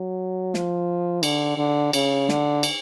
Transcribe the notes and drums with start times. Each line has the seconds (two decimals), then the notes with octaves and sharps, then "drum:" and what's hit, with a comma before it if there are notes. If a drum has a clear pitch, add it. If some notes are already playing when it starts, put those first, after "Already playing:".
Already playing: F#3
0.54 F3, drum: snare
1.23 D3, drum: cymbal
1.58 D3
1.93 C#3, drum: cymbal
2.29 D3, drum: snare
2.63 drum: cymbal